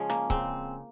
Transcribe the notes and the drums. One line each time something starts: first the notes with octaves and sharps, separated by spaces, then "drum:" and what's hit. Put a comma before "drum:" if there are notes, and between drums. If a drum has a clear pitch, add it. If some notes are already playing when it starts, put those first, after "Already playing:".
Already playing: C#3 F3 G#3 C#4 G#4
A#3, drum: rim click
C#3 C4, drum: kick C#1